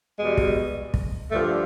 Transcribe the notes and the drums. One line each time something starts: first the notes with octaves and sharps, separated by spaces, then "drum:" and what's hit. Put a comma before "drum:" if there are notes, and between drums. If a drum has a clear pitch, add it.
E2 B2 G3 G#3
drum: kick
drum: kick
G2 D3 F3 A3